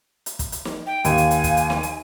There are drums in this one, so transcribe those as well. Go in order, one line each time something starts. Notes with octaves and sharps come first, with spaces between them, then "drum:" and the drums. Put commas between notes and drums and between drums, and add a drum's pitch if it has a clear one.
drum: hi-hat
drum: kick, hi-hat
drum: hi-hat
drum: snare
G5
D#2 F5 G#5, drum: hi-hat
drum: hi-hat
drum: hi-hat
drum: kick, hi-hat
drum: hi-hat
drum: snare
drum: hi-hat